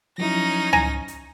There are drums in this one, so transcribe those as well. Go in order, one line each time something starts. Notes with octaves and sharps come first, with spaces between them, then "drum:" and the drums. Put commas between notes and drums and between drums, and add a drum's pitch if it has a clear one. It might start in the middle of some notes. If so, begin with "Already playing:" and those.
F3 F#3 C#4 D#4 E4 A#6
G#5 A#5, drum: tom C#2
drum: hi-hat